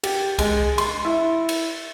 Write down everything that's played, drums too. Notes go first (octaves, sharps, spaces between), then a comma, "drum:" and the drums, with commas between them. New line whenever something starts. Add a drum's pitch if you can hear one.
G4, drum: cymbal
G#3, drum: kick C2, cymbal
C6, drum: cymbal
E4
drum: cymbal